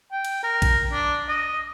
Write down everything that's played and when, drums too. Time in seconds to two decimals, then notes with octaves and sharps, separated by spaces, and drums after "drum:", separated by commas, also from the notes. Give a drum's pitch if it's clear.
0.12 G5
0.25 drum: cymbal
0.43 A#4
0.62 drum: kick A#1, cymbal
0.92 D4
1.29 D#5